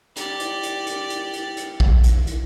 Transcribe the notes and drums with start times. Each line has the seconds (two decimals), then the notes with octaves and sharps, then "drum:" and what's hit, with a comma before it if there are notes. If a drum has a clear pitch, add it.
0.16 G4 D5, drum: hi-hat
0.40 drum: hi-hat
0.63 drum: hi-hat
0.86 drum: hi-hat
1.10 drum: hi-hat
1.33 drum: hi-hat
1.57 drum: hi-hat
1.80 drum: kick A#1
2.03 drum: hi-hat
2.27 drum: hi-hat